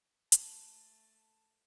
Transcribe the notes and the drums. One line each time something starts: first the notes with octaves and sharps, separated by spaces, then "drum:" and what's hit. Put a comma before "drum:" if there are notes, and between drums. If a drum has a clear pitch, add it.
A3 A5, drum: hi-hat